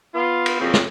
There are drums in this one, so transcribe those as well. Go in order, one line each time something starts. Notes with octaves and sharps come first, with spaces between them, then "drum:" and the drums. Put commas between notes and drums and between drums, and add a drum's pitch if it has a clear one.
B3 F4
drum: cymbal
F2 C#3 F#3 A#3 C4
drum: snare